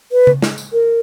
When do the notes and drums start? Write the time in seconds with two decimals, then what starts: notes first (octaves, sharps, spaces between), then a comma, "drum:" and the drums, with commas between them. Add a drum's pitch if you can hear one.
0.12 B4
0.27 drum: tom C#3
0.42 drum: snare
0.58 drum: tambourine
0.73 A#4